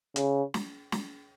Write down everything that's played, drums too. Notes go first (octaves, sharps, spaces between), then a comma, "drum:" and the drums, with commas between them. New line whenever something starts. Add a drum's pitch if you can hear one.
C#3, drum: hi-hat
drum: snare
drum: snare